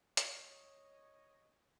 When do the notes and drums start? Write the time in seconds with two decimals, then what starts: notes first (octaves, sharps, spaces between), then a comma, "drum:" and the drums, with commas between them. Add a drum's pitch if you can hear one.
0.17 C#5 D#5, drum: hi-hat